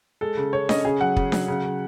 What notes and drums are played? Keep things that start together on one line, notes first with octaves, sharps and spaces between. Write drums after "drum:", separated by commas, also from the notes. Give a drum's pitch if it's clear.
G#3 A4
C#3
C#3 C#5
C#4 D#5, drum: snare D4
C#3 G#4
F#3 F#5
C#3, drum: kick
F#3, drum: snare D4
C#3
C#3